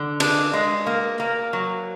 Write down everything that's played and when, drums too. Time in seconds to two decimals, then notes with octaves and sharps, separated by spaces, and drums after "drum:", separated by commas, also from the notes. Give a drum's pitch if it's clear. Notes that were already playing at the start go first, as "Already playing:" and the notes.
Already playing: D3
0.20 D4, drum: cymbal
0.53 G#3
0.87 A#3
1.20 A#3
1.53 F#3